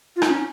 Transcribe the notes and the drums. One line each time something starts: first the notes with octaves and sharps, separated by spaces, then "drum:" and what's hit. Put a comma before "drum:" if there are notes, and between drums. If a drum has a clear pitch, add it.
F4
D#4, drum: rim click
C#4